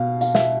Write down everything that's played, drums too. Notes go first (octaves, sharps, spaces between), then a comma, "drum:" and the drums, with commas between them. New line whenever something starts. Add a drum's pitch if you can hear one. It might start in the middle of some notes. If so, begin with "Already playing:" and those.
Already playing: B2 F5
F5, drum: tambourine
E5, drum: snare